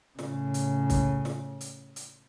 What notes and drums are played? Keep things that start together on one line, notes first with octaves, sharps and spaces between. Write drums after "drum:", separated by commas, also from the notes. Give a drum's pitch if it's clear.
A2 C#3, drum: snare
drum: hi-hat
drum: kick C2, hi-hat
drum: snare
drum: hi-hat
drum: hi-hat